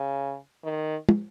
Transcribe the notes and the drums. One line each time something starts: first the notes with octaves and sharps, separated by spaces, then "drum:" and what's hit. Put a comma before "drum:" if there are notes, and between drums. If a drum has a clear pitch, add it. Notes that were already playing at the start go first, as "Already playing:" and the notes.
Already playing: C#3
D#3
drum: tom